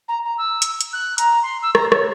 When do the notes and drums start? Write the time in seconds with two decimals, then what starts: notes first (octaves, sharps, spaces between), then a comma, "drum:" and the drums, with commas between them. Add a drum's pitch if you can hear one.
0.08 A#5
0.24 A#5
0.38 E6
0.62 drum: hi-hat
0.81 drum: hi-hat
0.93 F#6
1.18 A#5, drum: hi-hat
1.43 C6
1.62 E6
1.75 A#5, drum: rim click
1.92 C#5, drum: rim click